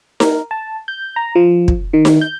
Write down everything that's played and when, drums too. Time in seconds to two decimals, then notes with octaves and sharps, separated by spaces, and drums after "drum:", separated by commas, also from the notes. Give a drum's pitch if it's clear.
0.20 A#4, drum: snare D#4
0.51 A5
0.88 G6
1.16 A#5
1.35 F3
1.68 drum: kick
1.93 D#3
2.05 drum: snare D#4
2.21 G6